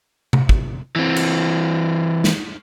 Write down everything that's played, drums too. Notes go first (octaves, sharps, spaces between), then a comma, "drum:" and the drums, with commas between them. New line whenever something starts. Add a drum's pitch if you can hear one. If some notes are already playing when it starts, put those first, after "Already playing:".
drum: tom C3
drum: kick
E3 C4
drum: cymbal
drum: snare